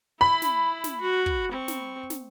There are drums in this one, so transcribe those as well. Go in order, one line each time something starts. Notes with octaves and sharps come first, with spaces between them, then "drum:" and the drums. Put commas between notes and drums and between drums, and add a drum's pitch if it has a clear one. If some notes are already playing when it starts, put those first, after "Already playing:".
E4 B5
drum: snare
drum: snare
F#4
drum: kick
C4 C#6
drum: snare
drum: snare